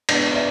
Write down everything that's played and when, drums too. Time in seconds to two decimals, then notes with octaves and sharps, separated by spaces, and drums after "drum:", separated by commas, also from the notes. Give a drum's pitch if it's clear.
0.09 B2 G#3 B3 D4 D5, drum: cymbal
0.34 D5 E5